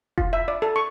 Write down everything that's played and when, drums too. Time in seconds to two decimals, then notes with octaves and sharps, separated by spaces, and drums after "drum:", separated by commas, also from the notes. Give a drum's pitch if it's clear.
0.18 F4, drum: kick F1
0.33 E5
0.48 D5
0.62 A4
0.76 C#6